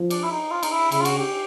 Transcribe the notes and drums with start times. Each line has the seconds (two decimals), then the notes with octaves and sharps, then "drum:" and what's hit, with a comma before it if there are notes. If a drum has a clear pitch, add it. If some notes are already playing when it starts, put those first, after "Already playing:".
Already playing: F3
0.10 D4, drum: cymbal
0.24 E4
0.31 D#4
0.51 F4
0.63 D#4, drum: cymbal
0.72 E4
0.92 C#3 E4, drum: cymbal
1.00 F4
1.05 F#4, drum: cymbal
1.18 G4